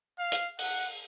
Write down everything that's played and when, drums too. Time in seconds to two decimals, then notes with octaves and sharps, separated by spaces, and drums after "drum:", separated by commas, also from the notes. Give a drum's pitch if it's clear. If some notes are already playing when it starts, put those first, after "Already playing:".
0.19 F5
0.32 drum: hi-hat
0.59 F#5, drum: open hi-hat